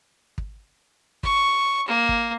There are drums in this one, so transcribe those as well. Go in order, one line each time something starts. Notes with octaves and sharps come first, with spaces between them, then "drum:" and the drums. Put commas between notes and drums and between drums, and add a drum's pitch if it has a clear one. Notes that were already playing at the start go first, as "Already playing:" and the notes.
drum: kick
C#6, drum: kick
A#3
drum: kick